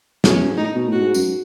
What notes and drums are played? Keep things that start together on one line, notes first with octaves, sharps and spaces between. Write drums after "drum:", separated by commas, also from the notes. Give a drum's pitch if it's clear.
B2 C#4, drum: snare
E2
F#2
G#2
A2 D#4
B2
A2 F#4
G#2
F#2, drum: tambourine